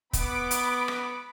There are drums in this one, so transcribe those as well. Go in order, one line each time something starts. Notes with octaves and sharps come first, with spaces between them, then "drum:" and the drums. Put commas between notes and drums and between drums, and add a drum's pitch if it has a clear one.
B3 B5 D6, drum: kick, hi-hat
drum: hi-hat
drum: rim click